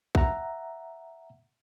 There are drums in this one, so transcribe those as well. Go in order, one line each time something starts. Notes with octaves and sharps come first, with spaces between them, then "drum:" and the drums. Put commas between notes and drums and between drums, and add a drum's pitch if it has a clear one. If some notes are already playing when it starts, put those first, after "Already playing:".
E5 F#5 A#5, drum: kick